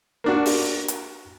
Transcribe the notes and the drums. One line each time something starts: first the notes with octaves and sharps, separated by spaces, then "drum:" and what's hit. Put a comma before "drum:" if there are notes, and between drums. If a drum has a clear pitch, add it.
A#3 D4 F#4
drum: open hi-hat
drum: hi-hat